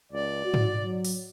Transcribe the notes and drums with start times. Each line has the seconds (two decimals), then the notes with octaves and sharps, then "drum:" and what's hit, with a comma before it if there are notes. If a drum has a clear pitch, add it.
0.12 C#2 D5
0.45 F#4
0.54 drum: tom G#2
0.84 F#3
1.05 drum: open hi-hat